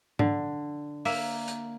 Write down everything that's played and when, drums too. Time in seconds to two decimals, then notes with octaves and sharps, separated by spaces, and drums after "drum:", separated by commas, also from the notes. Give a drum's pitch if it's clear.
0.19 D3, drum: tom G#2
1.05 A#3 E5, drum: open hi-hat
1.48 drum: hi-hat